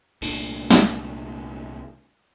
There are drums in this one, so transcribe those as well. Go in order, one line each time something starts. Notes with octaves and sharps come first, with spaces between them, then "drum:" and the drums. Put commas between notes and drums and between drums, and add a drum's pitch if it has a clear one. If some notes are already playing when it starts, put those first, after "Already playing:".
C2 A#2 A3 D4, drum: cymbal
drum: snare